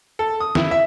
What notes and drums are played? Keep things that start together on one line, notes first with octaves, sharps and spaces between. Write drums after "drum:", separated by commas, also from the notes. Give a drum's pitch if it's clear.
A4
D#6
E4, drum: snare
E5